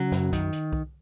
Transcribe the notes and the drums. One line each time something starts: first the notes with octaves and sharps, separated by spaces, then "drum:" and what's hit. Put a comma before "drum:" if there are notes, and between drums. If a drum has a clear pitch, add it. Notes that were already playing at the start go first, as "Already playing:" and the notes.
Already playing: C#3 F#3
F#2, drum: snare
D#3, drum: kick B1, hi-hat
drum: hi-hat
drum: kick B1